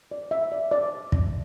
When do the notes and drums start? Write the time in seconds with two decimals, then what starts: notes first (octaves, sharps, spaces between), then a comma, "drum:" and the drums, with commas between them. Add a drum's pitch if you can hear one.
0.11 D5
0.31 E5
0.52 D5
0.71 D5
1.12 drum: kick